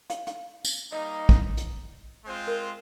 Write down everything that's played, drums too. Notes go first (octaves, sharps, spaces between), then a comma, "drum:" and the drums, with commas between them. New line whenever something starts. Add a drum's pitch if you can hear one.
F5, drum: hi-hat
F5, drum: hi-hat
drum: tambourine
G3 A#3 D#4 D#5
drum: kick
drum: hi-hat
G#3 C4 F4 C5
A#4